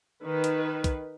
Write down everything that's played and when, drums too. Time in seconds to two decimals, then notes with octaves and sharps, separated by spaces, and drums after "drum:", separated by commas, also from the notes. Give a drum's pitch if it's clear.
0.24 D#3 B4
0.44 drum: hi-hat
0.84 drum: kick, hi-hat